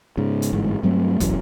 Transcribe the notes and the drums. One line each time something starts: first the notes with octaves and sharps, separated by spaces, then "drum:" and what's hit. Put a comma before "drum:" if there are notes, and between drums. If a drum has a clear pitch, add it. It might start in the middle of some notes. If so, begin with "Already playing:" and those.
G#2 C#3
drum: hi-hat
G1 G#2 E3
G2 F#3 A3 C4
B1 F#2 E3 F#3, drum: kick, hi-hat